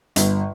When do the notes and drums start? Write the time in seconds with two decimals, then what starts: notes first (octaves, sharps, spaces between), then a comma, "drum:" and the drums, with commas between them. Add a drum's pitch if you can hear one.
0.16 G1, drum: hi-hat